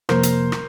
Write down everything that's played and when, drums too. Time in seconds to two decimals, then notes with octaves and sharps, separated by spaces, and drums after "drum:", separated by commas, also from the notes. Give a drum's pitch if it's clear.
0.09 F2 C3 F3 A#3 A#4 C5, drum: rim click
0.23 drum: hi-hat
0.52 drum: rim click